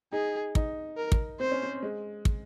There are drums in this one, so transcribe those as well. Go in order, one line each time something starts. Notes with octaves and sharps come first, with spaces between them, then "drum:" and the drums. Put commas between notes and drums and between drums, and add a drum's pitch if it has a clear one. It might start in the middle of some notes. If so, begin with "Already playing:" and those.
D#4 G#4
D#4, drum: kick
A#4
drum: kick
C4 C5
C#4
C4
G#3
drum: kick